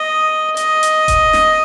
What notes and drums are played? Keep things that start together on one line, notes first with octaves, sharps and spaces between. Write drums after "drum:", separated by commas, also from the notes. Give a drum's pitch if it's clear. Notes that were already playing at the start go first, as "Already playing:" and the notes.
Already playing: D#5
D#5, drum: hi-hat
drum: hi-hat
drum: kick E1, hi-hat
drum: snare